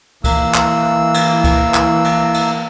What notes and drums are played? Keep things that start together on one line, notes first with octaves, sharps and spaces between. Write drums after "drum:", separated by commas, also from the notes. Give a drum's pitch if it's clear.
E3 A#3 E6, drum: kick C#2, cymbal
drum: clap
drum: cymbal
drum: kick C#2, cymbal
drum: clap
drum: cymbal
drum: cymbal